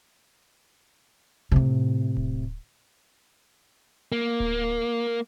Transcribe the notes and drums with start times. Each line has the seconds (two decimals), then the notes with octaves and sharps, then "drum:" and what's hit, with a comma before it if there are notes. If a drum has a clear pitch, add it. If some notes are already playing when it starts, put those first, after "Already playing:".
1.52 A2 C3
2.17 drum: kick D1
4.12 A#3
4.40 drum: kick D1